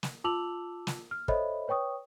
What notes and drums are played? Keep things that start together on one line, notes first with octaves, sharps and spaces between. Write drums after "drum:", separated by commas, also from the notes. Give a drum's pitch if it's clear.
drum: snare
F4 A5 D6 E6 F7 F#7
drum: snare
F6
A4 C5 C#5 D#5 E5 B5, drum: kick
B4 C#5 G5 C#6 D#6